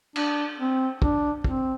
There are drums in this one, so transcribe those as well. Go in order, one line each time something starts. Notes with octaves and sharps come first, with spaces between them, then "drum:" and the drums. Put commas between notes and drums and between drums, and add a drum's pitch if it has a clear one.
D4, drum: cymbal
C4
D4, drum: kick
C4, drum: kick